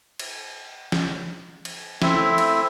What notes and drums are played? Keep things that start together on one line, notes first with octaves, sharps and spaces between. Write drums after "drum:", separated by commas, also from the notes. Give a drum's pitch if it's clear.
drum: cymbal
drum: snare
drum: cymbal
A3 C4 E4 E5, drum: snare
drum: cymbal